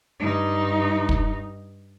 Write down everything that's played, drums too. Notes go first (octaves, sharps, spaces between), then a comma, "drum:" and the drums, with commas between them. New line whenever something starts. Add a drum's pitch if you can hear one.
G2 D#4
drum: kick